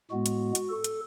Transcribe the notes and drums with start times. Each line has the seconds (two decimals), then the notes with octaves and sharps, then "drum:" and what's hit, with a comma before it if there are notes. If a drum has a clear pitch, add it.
0.11 A2 G#3 B3 F#4
0.26 drum: hi-hat
0.55 drum: hi-hat
0.70 A4
0.84 drum: hi-hat